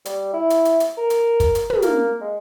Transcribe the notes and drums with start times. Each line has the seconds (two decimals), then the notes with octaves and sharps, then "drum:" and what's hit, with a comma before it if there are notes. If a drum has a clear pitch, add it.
0.05 G3, drum: hi-hat
0.33 E4
0.50 drum: hi-hat
0.65 drum: hi-hat
0.80 drum: hi-hat
0.97 A#4
1.10 drum: hi-hat
1.40 drum: kick, hi-hat
1.55 drum: hi-hat
1.70 drum: tom
1.82 A#3, drum: hi-hat
2.21 G#3